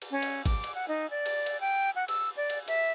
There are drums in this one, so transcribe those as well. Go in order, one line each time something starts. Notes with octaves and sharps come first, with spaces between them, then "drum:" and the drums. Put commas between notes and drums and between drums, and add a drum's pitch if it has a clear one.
drum: cymbal
C#4
drum: cymbal
D6, drum: kick G#1, cymbal
drum: cymbal
F#5
D#4
D5
drum: cymbal
drum: cymbal
G5
F#5
E6, drum: cymbal
D5
drum: cymbal
E5, drum: cymbal